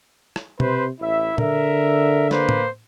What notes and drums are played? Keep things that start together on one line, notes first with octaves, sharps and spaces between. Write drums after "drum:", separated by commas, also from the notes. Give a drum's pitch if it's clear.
drum: rim click
C3 B4 C5, drum: tom B2
A1 E4 E5
D3 A#4 E5, drum: tom A#2
A#3 B4 C5, drum: snare
drum: tom A2